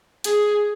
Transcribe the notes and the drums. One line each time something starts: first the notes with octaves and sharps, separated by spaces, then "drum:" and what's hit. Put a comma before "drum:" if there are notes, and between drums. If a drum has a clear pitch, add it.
G#4, drum: hi-hat